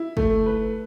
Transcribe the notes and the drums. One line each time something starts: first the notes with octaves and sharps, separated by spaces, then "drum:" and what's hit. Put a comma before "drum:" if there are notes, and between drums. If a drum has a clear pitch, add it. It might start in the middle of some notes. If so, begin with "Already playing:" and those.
Already playing: E4
A3, drum: kick
B4